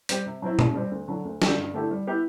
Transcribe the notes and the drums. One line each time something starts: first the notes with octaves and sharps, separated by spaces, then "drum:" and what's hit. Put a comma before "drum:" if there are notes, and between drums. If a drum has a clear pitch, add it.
G3 C4 G4, drum: hi-hat
C3
F#3 C4 E4
B2, drum: tom A#2
G3 C4
D2
D3 F#3
D2
D3 G3 D4 G4, drum: snare
G2
D3 A3 E4 G4
G3
B3 E4 G4 B4